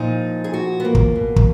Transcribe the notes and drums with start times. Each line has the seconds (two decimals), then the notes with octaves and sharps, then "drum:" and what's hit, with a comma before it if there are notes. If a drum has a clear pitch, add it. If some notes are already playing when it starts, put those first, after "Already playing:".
Already playing: A#2 F3 D#4
0.44 G#4
0.54 F#4
0.80 B3
0.85 A#3
0.95 drum: kick
1.16 B2
1.36 drum: kick